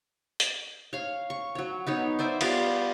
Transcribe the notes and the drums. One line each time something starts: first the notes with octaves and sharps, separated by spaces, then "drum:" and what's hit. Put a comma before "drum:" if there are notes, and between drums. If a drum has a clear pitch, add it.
drum: hi-hat
C#5 F5
C#6
F#3 C#5
B3 D#4 C#5
C5 D5 E5 G#5
G3 B3 F4 D5, drum: cymbal